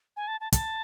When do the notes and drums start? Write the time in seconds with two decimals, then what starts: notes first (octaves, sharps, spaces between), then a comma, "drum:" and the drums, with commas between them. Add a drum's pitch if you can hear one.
0.17 G#5
0.28 A5
0.41 A5
0.52 A5, drum: kick, hi-hat